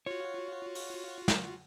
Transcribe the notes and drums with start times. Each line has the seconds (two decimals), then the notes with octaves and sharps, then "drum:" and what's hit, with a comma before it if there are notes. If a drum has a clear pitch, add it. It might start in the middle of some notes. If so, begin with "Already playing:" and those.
0.06 F4 F#4 C#5
0.75 drum: open hi-hat
1.28 drum: snare